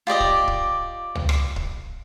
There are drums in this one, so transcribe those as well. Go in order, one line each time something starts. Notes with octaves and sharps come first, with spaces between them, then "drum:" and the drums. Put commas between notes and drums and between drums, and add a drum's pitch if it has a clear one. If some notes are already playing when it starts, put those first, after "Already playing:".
F4 G4 D5 D#5
drum: kick C#1
drum: kick C#1
drum: tom C#2
drum: rim click
drum: kick C#1